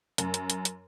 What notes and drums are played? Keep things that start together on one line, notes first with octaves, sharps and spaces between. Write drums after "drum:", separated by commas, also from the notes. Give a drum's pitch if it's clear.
F#2, drum: hi-hat
drum: hi-hat
drum: hi-hat
drum: hi-hat